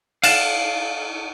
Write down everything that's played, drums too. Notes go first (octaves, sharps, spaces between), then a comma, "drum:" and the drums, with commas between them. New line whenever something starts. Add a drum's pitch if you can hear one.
F5 F#5 A5, drum: cymbal